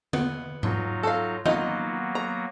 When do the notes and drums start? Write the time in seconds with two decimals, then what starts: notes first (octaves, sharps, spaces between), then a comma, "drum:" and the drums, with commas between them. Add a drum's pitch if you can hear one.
0.13 B3, drum: tom D3
0.63 F#3 D#4 F4, drum: tom G#2
1.03 A4 F5
1.46 F#3 A#3 B3 D#4 F4 D#5, drum: tom D#3
2.15 A#5